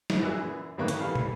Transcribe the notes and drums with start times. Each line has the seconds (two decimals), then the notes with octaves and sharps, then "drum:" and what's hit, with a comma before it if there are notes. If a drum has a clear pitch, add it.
0.10 E4, drum: snare
0.22 A#2 F#4 G#4 E6 F#6
0.36 F#2 E3
0.77 G#1 A2 D#3 A#3 C#5 F#6
0.88 drum: hi-hat
1.00 E3 G3 A4 B4 F5
1.15 drum: tom